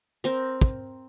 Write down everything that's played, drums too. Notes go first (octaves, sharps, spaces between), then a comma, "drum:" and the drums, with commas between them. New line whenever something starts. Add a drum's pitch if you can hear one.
C4 A#4
drum: kick